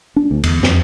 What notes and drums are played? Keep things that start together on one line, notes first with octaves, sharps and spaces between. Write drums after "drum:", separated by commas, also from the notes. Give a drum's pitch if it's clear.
D4
D2
E2, drum: cymbal
F2, drum: snare